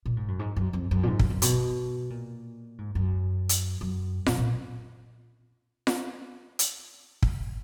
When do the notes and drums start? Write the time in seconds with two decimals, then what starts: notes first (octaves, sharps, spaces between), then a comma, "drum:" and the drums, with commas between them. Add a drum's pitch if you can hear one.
0.06 A#2
0.17 G#2
0.28 F#2
0.39 G#2
0.56 F#2
0.73 F2
0.91 F#2
1.03 A#2
1.08 G#2
1.19 F#2, drum: kick
1.30 F#2
1.42 B2, drum: hi-hat
2.10 A#2
2.78 G#2
2.95 F#2
3.49 drum: hi-hat
3.81 F#2
4.26 A#2, drum: snare F4
4.38 A#2
5.87 drum: snare F4
6.59 drum: hi-hat
7.23 drum: kick